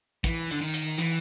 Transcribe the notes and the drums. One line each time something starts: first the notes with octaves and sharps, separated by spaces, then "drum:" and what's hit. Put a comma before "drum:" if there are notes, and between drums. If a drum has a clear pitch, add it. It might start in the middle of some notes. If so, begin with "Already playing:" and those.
E3, drum: kick, hi-hat
D3, drum: hi-hat
D#3
drum: hi-hat
E3, drum: hi-hat